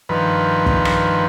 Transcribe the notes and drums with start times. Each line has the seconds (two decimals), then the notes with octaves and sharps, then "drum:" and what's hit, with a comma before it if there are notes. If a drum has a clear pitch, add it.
0.09 G2 D#3 F3 B4
0.66 drum: kick
0.85 drum: rim click